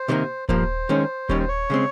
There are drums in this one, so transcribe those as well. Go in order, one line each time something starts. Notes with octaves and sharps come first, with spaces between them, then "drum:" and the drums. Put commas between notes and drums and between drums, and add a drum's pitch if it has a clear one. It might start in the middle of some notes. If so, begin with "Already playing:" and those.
Already playing: C5
C3 D#3 G3 A#3
G2 F3 A#3 C5, drum: kick D#1
D#3 G#3 C#4
D#2 D#3 G3 C#4 C#5, drum: kick D#1
C5
C#5
C#3 G#3 C4